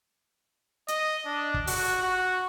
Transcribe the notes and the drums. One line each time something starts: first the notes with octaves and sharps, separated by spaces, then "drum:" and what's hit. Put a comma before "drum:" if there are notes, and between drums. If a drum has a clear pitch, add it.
D#5, drum: hi-hat
D4
drum: kick
F#4, drum: open hi-hat
F#4